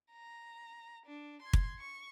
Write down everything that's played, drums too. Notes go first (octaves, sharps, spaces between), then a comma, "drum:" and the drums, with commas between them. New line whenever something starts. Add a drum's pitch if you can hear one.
A#5
D4
C6 G#6
drum: kick
C#6